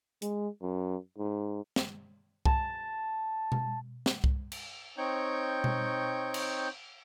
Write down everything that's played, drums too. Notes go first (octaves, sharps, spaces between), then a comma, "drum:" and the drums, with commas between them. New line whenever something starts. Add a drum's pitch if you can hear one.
G#3, drum: hi-hat
F#2
G#2
drum: snare
A5, drum: kick C2
drum: tom B2
drum: snare
drum: kick C2
drum: cymbal
C4 D#4 C#5 G5 C#6 G6
drum: tom B2
drum: cymbal